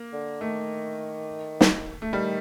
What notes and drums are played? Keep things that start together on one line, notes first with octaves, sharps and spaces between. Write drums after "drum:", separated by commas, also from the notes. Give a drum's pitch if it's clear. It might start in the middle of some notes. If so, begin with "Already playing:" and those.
Already playing: A#3
D3
D#3 A3
drum: snare
A3
D#3 G3